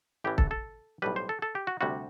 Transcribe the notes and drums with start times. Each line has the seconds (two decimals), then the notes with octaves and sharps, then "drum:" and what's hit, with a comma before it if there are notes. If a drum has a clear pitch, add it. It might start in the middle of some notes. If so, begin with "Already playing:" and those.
0.24 A1 A2 E3 G4
0.38 A4, drum: kick
0.51 A4
1.02 B1 A2 G3 B4
1.16 C5
1.29 A4
1.42 A4
1.55 G4
1.67 F#4
1.81 D2 C3 G3 F#4